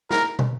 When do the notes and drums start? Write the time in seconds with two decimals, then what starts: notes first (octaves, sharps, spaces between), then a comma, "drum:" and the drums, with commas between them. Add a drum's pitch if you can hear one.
0.11 A#4, drum: snare
0.39 drum: tom